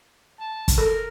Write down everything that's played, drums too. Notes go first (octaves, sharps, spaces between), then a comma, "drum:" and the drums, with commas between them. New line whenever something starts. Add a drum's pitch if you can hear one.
A5
drum: kick, hi-hat
A4 A#4